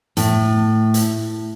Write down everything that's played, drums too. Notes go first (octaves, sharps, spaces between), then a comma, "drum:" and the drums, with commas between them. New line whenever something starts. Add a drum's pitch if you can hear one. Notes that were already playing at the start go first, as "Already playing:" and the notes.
A2, drum: hi-hat
drum: hi-hat